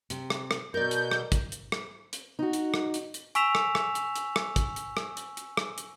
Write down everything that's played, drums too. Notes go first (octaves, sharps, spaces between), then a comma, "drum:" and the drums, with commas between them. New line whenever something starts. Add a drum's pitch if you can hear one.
C3, drum: hi-hat
drum: rim click
drum: rim click
B2 A#4 D5 G6
drum: hi-hat
drum: rim click
drum: kick, hi-hat
drum: hi-hat
drum: rim click
drum: hi-hat
D#4 F#4
drum: hi-hat
drum: rim click
drum: hi-hat
drum: hi-hat
G#5 C#6 E6 B6 E7 F7, drum: hi-hat
drum: rim click
drum: rim click
drum: hi-hat
drum: hi-hat
drum: rim click
drum: kick, hi-hat
drum: hi-hat
drum: rim click
drum: hi-hat
drum: hi-hat
drum: rim click
drum: hi-hat